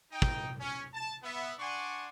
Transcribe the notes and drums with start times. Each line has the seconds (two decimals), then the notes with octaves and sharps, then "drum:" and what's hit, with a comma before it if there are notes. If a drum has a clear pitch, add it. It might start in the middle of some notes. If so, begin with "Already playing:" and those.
0.11 D#4 G5
0.22 drum: kick
0.60 C#4
0.94 A5
1.23 B3 E5
1.58 D4 D5 F#5 G#5 C6 C#6